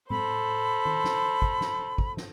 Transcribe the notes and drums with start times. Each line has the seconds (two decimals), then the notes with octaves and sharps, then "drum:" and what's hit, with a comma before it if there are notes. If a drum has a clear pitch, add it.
0.10 A4 C5 B5, drum: tom A2
0.85 drum: tom D#3
1.04 drum: snare
1.42 drum: kick
1.61 drum: snare
1.98 drum: kick
2.17 drum: snare